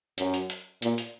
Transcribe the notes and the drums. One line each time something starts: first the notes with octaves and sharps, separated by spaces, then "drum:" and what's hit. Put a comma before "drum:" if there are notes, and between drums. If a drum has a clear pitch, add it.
F#2, drum: hi-hat
drum: hi-hat
drum: hi-hat
A#2, drum: hi-hat
drum: hi-hat